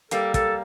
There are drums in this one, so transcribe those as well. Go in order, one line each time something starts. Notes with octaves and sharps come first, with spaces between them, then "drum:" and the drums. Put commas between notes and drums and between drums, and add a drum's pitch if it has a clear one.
G3 A#3 A4, drum: hi-hat
A4, drum: kick, hi-hat